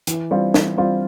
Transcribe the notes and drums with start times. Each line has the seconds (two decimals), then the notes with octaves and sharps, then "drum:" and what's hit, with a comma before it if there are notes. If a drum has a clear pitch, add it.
0.07 E3, drum: hi-hat
0.31 G3 C4 F4
0.54 E3, drum: snare
0.77 G3 C4 F4